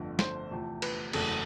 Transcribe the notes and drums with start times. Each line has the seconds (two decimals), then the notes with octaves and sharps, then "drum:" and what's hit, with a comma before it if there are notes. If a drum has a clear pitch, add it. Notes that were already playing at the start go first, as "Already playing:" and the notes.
Already playing: G1 F2 D3 F3 A3
0.19 C5, drum: snare
0.51 E2 C3 F3 A3
0.82 B4, drum: cymbal
1.13 F#1 E2 C#3 F#3 A3 A4, drum: cymbal